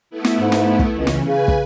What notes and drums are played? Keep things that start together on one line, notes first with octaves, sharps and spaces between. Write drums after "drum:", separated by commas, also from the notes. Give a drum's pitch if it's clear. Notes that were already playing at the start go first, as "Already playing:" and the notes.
A3 B3 E4
drum: snare
G#2
drum: snare
drum: kick
C#2 C#3 E3 C#4
drum: snare
C#3 B4 G#5
drum: kick